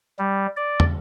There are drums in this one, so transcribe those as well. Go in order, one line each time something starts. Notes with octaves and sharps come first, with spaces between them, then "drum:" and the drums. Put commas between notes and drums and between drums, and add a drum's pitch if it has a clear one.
G3
D5
drum: tom